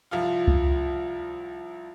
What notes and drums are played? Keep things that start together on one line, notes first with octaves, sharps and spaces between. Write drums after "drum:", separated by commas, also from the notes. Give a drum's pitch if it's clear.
C2 F3 F4
drum: kick C#2